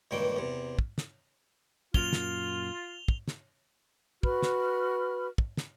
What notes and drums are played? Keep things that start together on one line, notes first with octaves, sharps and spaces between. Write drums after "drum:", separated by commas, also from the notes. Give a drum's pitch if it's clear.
C#2 G2 A#2 D#3 E3 G5
E2 C3
drum: kick
drum: snare
F#2 A#2 F4 F7 G7, drum: kick
drum: snare
drum: kick
drum: snare
F#4 B4 B5 F6, drum: kick
drum: snare
drum: kick
drum: snare